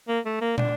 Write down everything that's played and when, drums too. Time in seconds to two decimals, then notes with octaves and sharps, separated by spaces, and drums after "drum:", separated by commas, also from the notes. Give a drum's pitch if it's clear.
0.08 A#3
0.26 A3
0.42 A#3
0.58 D4, drum: tom